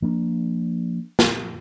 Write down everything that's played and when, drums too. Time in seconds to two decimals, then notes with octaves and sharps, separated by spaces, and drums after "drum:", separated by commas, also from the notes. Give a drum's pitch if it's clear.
0.02 F3 A#3 D4
1.19 drum: snare